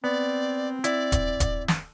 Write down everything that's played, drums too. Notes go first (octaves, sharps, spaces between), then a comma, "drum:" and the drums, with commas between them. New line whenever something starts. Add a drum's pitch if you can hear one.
B3 C4 D5
E4 D5, drum: hi-hat
drum: kick D#1, hi-hat
drum: kick D#1, hi-hat
drum: snare